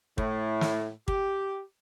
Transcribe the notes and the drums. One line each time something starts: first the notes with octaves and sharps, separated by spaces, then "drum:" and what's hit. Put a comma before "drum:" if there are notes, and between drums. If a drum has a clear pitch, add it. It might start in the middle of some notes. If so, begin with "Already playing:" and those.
A2, drum: kick
drum: snare
G4, drum: kick